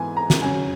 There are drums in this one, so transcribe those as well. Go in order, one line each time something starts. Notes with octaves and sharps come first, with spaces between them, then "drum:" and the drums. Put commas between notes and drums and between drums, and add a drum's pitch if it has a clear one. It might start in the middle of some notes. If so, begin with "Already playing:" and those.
Already playing: G#2 E3 B3 G#5
A#5
drum: snare
C#3 F#3 C#4 G#5